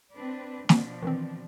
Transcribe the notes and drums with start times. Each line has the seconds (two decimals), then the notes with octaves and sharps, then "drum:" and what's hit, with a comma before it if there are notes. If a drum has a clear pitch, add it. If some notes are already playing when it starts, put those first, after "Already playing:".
0.14 C4 D4 B4
0.69 B2 F3 D4, drum: snare
1.03 D#3 E3 C4